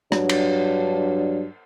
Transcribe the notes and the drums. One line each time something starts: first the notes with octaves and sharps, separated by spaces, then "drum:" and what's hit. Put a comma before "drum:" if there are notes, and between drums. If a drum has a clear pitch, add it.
G2 F#3 D4, drum: rim click
drum: cymbal